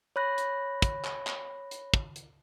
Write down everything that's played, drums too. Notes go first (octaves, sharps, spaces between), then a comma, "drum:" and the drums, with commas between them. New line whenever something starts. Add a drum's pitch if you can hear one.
C#5 B5 F#6 A#6
drum: hi-hat
drum: kick, hi-hat
drum: clap
drum: clap
drum: hi-hat
drum: kick
drum: hi-hat